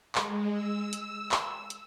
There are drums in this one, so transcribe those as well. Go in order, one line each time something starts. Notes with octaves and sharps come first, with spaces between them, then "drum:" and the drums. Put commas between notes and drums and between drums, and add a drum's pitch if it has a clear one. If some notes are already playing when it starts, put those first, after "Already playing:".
G#3, drum: clap
E6
drum: hi-hat
drum: clap
drum: hi-hat